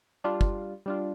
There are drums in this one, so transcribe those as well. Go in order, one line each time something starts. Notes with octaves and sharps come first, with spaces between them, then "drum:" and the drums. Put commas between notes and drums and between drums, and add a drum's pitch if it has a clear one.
G3 D4 F4
drum: kick
G3 D4 F4